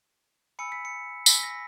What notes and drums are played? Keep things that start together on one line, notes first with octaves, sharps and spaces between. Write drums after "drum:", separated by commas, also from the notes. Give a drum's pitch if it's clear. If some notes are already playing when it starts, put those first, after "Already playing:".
G#5 B5 E6 C#7
B6
C#7
G#5 B5 E6 B6, drum: tambourine
B6
A#6